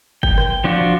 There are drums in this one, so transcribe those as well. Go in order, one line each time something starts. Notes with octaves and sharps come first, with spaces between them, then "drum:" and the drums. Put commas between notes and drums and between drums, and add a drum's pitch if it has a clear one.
G5, drum: kick G1
drum: rim click
F3 D4 F4 F#4